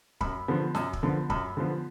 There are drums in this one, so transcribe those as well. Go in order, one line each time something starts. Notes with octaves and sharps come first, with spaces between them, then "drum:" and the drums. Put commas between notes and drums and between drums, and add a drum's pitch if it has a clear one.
F#2 B5, drum: kick
D3 F3 B3
F#2, drum: snare
drum: kick
D3 F3 B3
F#2 B5, drum: kick
D3 F3 B3